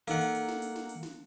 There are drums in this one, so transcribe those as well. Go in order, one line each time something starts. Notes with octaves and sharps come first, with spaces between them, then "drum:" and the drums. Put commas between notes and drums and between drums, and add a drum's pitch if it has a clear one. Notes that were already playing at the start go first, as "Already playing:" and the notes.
A#3 D#4 A4 F#5, drum: hi-hat
drum: hi-hat
drum: hi-hat
drum: snare
drum: hi-hat
drum: snare
drum: hi-hat
drum: snare